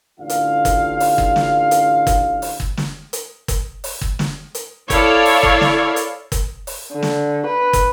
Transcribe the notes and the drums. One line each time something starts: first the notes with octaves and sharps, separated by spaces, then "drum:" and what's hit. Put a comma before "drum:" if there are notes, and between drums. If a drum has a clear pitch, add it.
A1 D3 F4 F5
drum: hi-hat
drum: kick, hi-hat
drum: open hi-hat
drum: kick
drum: snare
drum: hi-hat
drum: kick, hi-hat
drum: open hi-hat
drum: kick
drum: snare
drum: hi-hat
drum: kick, hi-hat
drum: open hi-hat
drum: kick
drum: snare
drum: hi-hat
E4 A4 C#5 D5 F5, drum: kick, hi-hat
drum: open hi-hat
drum: kick
drum: snare
drum: hi-hat
drum: kick, hi-hat
drum: open hi-hat
D3
drum: snare
B4
drum: kick, hi-hat